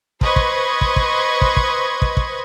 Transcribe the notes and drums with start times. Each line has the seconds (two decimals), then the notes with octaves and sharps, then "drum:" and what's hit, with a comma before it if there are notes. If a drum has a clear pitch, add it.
0.21 B4 C5 D#5 C6 C#6 G#6, drum: kick
0.36 drum: kick
0.81 drum: kick
0.96 drum: kick
1.41 drum: kick
1.57 drum: kick
2.02 drum: kick
2.17 drum: kick